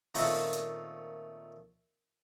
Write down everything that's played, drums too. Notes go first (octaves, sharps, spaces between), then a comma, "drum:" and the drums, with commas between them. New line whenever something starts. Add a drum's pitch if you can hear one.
A#2 D#3 A3 C4 C#4 F4, drum: open hi-hat
drum: hi-hat